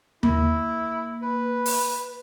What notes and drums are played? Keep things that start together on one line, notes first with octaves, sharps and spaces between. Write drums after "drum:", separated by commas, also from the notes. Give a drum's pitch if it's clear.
A#3 E4, drum: tom D#2
B4
drum: open hi-hat